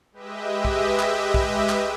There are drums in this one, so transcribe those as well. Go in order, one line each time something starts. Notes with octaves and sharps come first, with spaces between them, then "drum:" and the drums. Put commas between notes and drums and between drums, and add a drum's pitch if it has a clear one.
G#3 G4 B4 D#5 E5
drum: kick
drum: clap
drum: kick
drum: clap